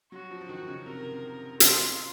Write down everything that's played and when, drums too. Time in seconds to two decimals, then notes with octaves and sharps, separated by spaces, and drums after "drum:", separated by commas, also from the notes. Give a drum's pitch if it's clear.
0.12 F#3 F#4
0.31 F3
0.41 F3
0.49 D#3 F#4
0.68 C#3
0.86 C3 A#4
1.60 F4, drum: hi-hat